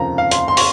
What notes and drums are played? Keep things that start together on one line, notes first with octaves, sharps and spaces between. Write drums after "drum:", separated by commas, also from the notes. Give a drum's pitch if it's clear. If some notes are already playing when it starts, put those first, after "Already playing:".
Already playing: F1 D#2 C#3 F3 A#5
F5
C6, drum: hi-hat
C6
C#6, drum: open hi-hat